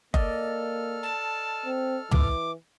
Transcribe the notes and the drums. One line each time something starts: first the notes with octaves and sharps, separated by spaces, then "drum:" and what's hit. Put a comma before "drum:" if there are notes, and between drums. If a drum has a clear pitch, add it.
A#3 A4 D5 D#5 F6, drum: kick F#1
A5
C4
E3 D6, drum: tom